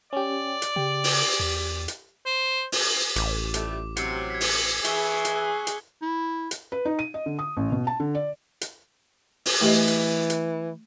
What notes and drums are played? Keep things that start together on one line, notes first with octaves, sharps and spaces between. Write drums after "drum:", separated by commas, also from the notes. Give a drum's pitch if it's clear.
C#4 G4 D5
drum: hi-hat
C#3 G4
drum: open hi-hat
E2
drum: hi-hat
C5
drum: open hi-hat
A1 D6, drum: hi-hat
F3 G3 A3, drum: hi-hat
C3 F#3 E6 C7 C#7, drum: hi-hat
G#6 B6
drum: open hi-hat
E3 E4 G#4 C#6 G7, drum: hi-hat
drum: hi-hat
E6 F#6
drum: hi-hat
E4
drum: hi-hat
B4
D#4
D#7
D#5
D3
D#6
A1
B2
A5
D3
D5
drum: hi-hat
drum: open hi-hat
E3 A3 G4 D#5
drum: hi-hat
drum: hi-hat